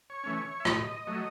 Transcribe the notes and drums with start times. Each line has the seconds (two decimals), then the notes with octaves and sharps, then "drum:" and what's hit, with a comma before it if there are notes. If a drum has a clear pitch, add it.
0.10 C#5
0.24 E3 A3 C#4
0.38 C#5
0.60 E5
0.65 A2 D#5, drum: rim click
1.07 F#3 A3